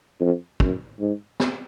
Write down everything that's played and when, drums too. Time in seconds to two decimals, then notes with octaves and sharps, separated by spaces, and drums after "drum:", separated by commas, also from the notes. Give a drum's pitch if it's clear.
0.20 F2
0.60 F#2, drum: kick
0.99 G#2
1.40 drum: snare